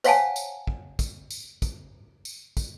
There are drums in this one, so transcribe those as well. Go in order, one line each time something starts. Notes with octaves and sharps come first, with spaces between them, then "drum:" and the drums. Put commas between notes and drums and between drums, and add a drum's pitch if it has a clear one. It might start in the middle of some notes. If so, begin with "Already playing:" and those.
C5 C#5 F5 F#5 G#5 A5, drum: tambourine
drum: tambourine
drum: kick
drum: kick, tambourine
drum: tambourine
drum: kick, tambourine
drum: tambourine
drum: kick, tambourine